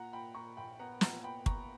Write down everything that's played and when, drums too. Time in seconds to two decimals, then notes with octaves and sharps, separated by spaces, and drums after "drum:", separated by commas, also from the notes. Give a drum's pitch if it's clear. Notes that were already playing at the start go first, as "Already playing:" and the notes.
Already playing: A#2 F#5 A#5
0.13 A#2 G5 B5
0.35 A#2 A#5 C#6
0.57 A#1 G5 B5
0.79 B3 F#5 A#5
1.01 A#2 F#5 A#5, drum: snare
1.24 B3 G5 B5
1.46 B3 A#5 C#6, drum: kick